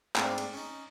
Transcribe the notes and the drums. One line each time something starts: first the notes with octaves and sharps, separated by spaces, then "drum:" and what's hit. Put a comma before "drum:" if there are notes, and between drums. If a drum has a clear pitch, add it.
G#2 A3 A#3 C4 D4 F4, drum: clap
drum: cymbal
C#4 D#4